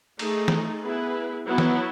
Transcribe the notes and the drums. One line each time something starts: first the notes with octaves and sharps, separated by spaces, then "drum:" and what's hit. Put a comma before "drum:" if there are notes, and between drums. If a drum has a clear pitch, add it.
A3 D#4 G#4, drum: cymbal
drum: snare E3
B3 E4 G#4 B4
F#3 B3 E4
drum: snare E3